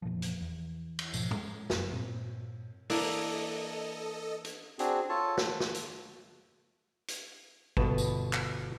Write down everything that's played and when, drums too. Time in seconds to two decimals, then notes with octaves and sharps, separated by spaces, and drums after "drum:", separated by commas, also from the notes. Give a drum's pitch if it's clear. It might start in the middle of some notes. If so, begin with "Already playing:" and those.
0.02 F1 A#2 E3 F3
0.22 drum: hi-hat
0.41 E2
0.99 drum: cymbal
1.14 G#2 B2 F3, drum: tambourine
1.31 G#3, drum: tom
1.70 G1 F#2, drum: snare
1.92 G2 A#2 C4
2.90 E3 A#3 D4 A4 D#5, drum: open hi-hat
4.45 drum: hi-hat
4.79 C4 D4 F#4 G#4, drum: hi-hat
5.09 F4 A4 C#5 A5
5.37 F#5, drum: snare
5.60 drum: snare
5.75 drum: hi-hat
7.08 drum: hi-hat
7.77 G1 B2 B4 A5, drum: kick
7.98 drum: tambourine
8.33 drum: clap